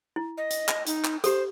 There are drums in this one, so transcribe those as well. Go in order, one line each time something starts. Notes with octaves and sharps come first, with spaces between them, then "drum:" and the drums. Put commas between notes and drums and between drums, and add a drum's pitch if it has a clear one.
E4
D#5
drum: hi-hat
drum: clap
D#4, drum: hi-hat
drum: clap
G4 A4 C5, drum: hi-hat